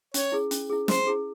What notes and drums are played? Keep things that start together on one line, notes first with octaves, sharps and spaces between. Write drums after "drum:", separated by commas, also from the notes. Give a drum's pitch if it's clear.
C#4 C#5, drum: hi-hat
E4 G#4
C#4, drum: hi-hat
E4 G#4
C#4 C5, drum: snare
E4 G#4